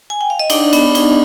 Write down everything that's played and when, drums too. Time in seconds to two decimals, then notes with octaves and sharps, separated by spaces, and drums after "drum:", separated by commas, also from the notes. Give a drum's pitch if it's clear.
0.10 G#5
0.21 G5
0.30 F5
0.39 D#5
0.50 D4 D#4 D5, drum: cymbal
0.73 B3, drum: cymbal
0.95 D#4, drum: cymbal